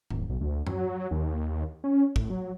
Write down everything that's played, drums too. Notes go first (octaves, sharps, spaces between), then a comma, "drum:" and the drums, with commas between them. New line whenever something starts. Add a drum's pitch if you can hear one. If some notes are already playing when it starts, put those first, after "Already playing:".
D#1, drum: tom G#2
B1
D2
F#3, drum: tom F#2
D#2
C#4
A2, drum: kick
F#3